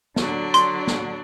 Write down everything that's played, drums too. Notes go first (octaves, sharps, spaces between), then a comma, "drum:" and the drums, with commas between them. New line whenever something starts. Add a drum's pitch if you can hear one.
D3 F#3 D4, drum: snare
C6, drum: hi-hat
drum: snare